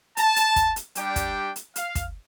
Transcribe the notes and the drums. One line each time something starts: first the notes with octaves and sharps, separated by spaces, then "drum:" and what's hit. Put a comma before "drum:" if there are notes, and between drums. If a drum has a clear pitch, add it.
A5, drum: hi-hat
drum: hi-hat
drum: kick, hi-hat
drum: hi-hat
G3 D4 G4 G5, drum: hi-hat
drum: kick, hi-hat
drum: hi-hat
F5, drum: hi-hat
drum: kick, hi-hat